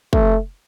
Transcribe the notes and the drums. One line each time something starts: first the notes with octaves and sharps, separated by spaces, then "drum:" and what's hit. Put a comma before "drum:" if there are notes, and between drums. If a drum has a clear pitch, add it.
A3, drum: kick